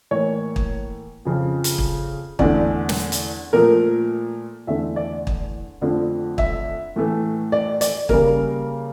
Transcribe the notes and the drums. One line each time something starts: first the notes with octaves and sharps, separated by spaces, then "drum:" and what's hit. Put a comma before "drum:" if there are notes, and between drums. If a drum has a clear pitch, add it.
A2 E3 A#3 C#5
drum: kick
F2 C#3 F3
drum: hi-hat
drum: kick
E2 D3 A3 D5, drum: kick
drum: snare
drum: hi-hat
A#2 F3 A3 A#4
E2 D3 A3 E5
D5
drum: kick
F2 D3 F3 A3
E5, drum: kick
A2 E3 A3
D5
D5, drum: hi-hat
C#3 G3 A#3 A#4, drum: kick